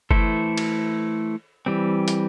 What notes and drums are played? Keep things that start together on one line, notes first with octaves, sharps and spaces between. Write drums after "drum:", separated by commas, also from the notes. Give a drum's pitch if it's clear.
E3 A3 E4 A4 C5, drum: kick F#1
drum: cymbal
E3 G3 C4
drum: hi-hat